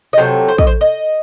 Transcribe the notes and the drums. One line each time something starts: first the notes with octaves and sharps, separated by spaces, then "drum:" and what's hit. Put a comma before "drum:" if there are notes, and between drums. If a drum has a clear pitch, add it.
D#5
C3 F#3 A3 C5
C5
D#5, drum: kick
C5
D#5